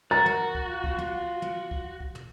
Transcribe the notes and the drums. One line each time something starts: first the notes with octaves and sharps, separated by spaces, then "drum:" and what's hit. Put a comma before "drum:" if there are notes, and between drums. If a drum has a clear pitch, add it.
F#4 A#4 A#5 A6
drum: tom
drum: kick
F4
drum: kick
drum: tom
drum: tom
drum: kick
drum: kick
drum: tom